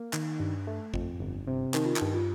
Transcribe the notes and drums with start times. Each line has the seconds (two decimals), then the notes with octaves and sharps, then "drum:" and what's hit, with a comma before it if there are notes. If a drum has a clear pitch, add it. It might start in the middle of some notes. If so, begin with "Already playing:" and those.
Already playing: A#3
0.13 D#3, drum: clap
0.40 G2
0.67 A3
0.94 F2, drum: kick
1.20 G1
1.47 C3
1.74 D#3 D#4, drum: clap
1.85 F4
1.96 D#4, drum: clap
2.01 G2
2.14 F4